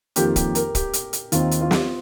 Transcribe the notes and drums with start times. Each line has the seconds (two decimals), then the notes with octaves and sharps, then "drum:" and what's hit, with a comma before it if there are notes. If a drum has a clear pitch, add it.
0.16 F2 D#3 G3 A#3 F4 G4, drum: hi-hat
0.36 G4, drum: kick, hi-hat
0.55 A#4, drum: hi-hat
0.75 G4, drum: kick, hi-hat
0.93 drum: hi-hat
1.13 drum: hi-hat
1.32 D#2 D#3 C4 D#4 F4, drum: hi-hat
1.51 drum: hi-hat
1.61 F4
1.71 drum: snare